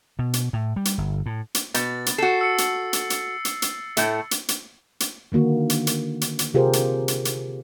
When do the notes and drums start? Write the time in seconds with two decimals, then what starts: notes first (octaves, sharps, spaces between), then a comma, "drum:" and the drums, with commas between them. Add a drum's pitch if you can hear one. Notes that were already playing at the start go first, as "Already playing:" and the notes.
0.19 B2
0.33 drum: hi-hat
0.53 A2
0.76 G3
0.85 drum: hi-hat
0.98 G1
1.26 A2
1.55 drum: hi-hat
1.74 B2 A6, drum: hi-hat
2.06 drum: hi-hat
2.18 F#4 A4 C7
2.41 E6 C#7
2.58 drum: hi-hat
2.93 drum: hi-hat
3.10 drum: hi-hat
3.45 drum: hi-hat
3.62 drum: hi-hat
3.97 A2 A3, drum: hi-hat
4.31 drum: hi-hat
4.49 drum: hi-hat
5.00 drum: hi-hat
5.32 D3 D#3 A#3 F#4
5.70 drum: hi-hat
5.87 drum: hi-hat
6.21 drum: hi-hat
6.39 drum: hi-hat
6.54 C3 F4 G4 G#4 A#4 C5
6.73 drum: hi-hat
7.08 drum: hi-hat
7.25 drum: hi-hat